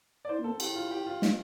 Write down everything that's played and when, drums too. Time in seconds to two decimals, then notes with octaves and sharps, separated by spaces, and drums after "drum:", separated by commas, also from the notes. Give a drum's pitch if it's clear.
0.25 D5
0.29 E4 C5
0.39 A#3
0.44 A4
0.49 C4
0.60 E4 G4, drum: cymbal
0.75 F4
0.91 G4
1.06 F4
1.22 A#3, drum: snare